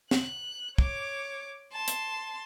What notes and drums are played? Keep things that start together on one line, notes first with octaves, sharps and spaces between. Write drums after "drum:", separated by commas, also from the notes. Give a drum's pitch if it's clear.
F#6, drum: snare
C#5 D6, drum: kick
A5 C6
drum: hi-hat